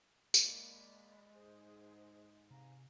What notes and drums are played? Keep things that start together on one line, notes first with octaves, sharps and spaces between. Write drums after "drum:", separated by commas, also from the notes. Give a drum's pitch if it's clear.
G#3 A#3 D5 B5, drum: tambourine
G#2 G#4 C5
C3 F5 G#5 A#5